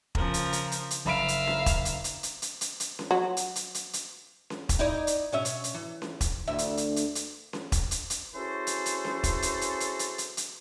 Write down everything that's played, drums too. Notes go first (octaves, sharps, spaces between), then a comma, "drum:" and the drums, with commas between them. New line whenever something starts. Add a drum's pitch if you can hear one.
C#3 F3 A#4, drum: kick E1
drum: hi-hat
drum: hi-hat
drum: hi-hat
drum: hi-hat
F#1 E5 F5 A#5 B5 D7
drum: hi-hat
drum: snare C#4
drum: kick E1, hi-hat
drum: hi-hat
drum: hi-hat
drum: hi-hat
drum: hi-hat
drum: hi-hat
drum: hi-hat
drum: snare C#4
F#3
drum: hi-hat
drum: hi-hat
drum: hi-hat
drum: hi-hat
drum: snare C#4
drum: kick E1, hi-hat
D#4 E4 D5
drum: hi-hat
B2 C#4 E5
drum: hi-hat
drum: hi-hat
E3
drum: snare C#4
drum: kick E1, hi-hat
D2 E5
drum: hi-hat
drum: hi-hat
drum: hi-hat
drum: hi-hat
drum: snare C#4
drum: kick E1, hi-hat
drum: hi-hat
drum: hi-hat
E3 C#4 F#4 G#4 A4 C5
drum: hi-hat
drum: hi-hat
drum: snare C#4
drum: kick E1, hi-hat
drum: hi-hat
drum: hi-hat
drum: hi-hat
drum: hi-hat
drum: hi-hat
drum: hi-hat